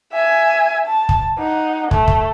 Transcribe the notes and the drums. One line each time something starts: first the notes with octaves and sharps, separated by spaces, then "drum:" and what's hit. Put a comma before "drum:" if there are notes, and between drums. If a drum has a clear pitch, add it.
E5 G#5
A5
drum: kick
D#4 F#5
A3, drum: kick
drum: kick